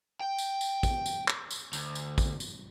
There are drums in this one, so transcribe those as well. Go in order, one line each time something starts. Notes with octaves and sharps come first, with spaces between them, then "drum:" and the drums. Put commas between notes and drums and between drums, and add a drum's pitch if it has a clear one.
G5
drum: tambourine
drum: tambourine
drum: kick, tambourine
drum: tambourine
drum: clap
drum: tambourine
D2, drum: tambourine
drum: tambourine
drum: kick, tambourine
drum: tambourine